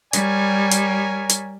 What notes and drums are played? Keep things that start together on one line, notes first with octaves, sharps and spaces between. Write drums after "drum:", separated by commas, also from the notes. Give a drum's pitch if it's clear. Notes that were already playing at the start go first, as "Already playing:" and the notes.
G3 A#4 C#5 G#5, drum: hi-hat
drum: hi-hat
drum: hi-hat